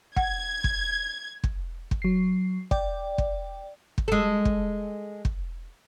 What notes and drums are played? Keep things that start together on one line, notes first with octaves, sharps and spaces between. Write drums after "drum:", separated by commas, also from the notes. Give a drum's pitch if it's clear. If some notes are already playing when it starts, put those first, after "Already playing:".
F#5 G#6, drum: kick
drum: kick
drum: kick
drum: kick
F#3 C7
D5 G5, drum: kick
drum: kick
drum: kick
G#3 A4
drum: kick
drum: kick